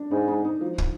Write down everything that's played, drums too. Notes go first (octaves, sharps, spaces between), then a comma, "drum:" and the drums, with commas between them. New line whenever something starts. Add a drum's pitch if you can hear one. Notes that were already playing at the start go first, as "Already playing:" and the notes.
Already playing: D4
G#2 D#4
D#4
D#4
F3
drum: kick